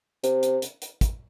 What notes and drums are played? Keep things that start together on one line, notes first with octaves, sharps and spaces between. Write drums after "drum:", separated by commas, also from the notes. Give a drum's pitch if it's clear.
C3, drum: hi-hat
drum: hi-hat
drum: hi-hat
drum: hi-hat
drum: kick, hi-hat